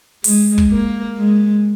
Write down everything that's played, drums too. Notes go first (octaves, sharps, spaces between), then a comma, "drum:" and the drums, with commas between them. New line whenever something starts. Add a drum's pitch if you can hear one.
G#3, drum: open hi-hat
drum: kick
A#3
G#3